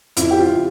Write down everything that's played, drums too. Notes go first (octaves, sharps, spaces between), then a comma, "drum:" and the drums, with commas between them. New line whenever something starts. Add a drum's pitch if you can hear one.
F2 C#3 F3 E4, drum: hi-hat
G4
F4